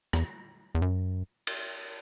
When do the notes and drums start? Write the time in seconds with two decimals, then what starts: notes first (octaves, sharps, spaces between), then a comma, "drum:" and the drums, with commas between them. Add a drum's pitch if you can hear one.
0.13 E2, drum: rim click
0.75 E2
0.82 F#2
1.47 drum: cymbal